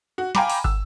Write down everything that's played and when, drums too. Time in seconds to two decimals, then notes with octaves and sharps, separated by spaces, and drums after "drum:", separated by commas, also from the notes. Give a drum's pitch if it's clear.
0.18 F#4
0.35 F5 G5 G#5 A#5 B5 D6, drum: snare
0.50 drum: open hi-hat
0.64 E6, drum: kick